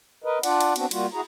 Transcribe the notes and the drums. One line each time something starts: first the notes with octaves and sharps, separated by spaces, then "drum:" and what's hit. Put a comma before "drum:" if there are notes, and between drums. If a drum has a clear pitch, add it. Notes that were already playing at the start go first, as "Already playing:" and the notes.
A#4 B4 D#5
D4 F4 D5 F#5, drum: cymbal
drum: cymbal
B3 C4 D4 F#4, drum: cymbal
G3 A#3 F4 F#4, drum: cymbal
E4 F#4 G#4 A#5